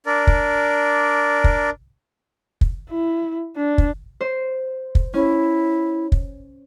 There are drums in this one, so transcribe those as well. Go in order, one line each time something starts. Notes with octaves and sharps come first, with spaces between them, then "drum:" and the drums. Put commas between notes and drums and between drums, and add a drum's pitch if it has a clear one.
D4 A#4 D5
drum: kick
drum: kick
drum: kick
E4
D4
drum: kick
C5
drum: kick
C#4 E4
drum: kick